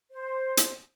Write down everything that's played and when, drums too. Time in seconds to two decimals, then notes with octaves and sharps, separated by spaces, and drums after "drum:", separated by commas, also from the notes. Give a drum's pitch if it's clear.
0.11 C5
0.57 drum: hi-hat